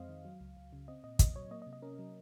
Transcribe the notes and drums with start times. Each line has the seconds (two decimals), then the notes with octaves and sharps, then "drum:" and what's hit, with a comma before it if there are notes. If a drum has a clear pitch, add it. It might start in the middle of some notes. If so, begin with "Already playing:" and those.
Already playing: F2 G#3 C4 C5 D#5 F5
0.09 D#3
0.25 F#3
0.41 C#2
0.57 C#2
0.73 C#3
0.88 C4 D#5
1.04 A#2 D#5
1.19 A#2 D#5, drum: kick, hi-hat
1.35 F#3 C#5
1.51 A#3 D#5
1.62 D#5
1.67 C3
1.73 D#5
1.82 C#4 A#4
1.99 F#3